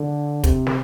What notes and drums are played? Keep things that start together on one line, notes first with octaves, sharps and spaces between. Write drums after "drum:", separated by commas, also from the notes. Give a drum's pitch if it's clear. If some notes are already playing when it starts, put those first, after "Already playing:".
Already playing: D3
C3, drum: kick, hi-hat
drum: snare